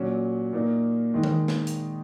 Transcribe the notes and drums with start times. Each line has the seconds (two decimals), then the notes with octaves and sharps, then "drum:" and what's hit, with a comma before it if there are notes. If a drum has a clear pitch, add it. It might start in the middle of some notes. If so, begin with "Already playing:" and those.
Already playing: A#2 F#3 C#4
0.53 A#2 A#3 D#4
1.14 D#3 G#3 D#4
1.23 drum: tom D#3
1.48 drum: snare
1.67 drum: hi-hat